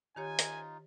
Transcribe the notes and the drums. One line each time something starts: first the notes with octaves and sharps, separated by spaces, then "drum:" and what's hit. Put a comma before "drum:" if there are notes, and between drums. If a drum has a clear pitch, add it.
D#3 D#4 F4 G4 C#5 G#5
drum: hi-hat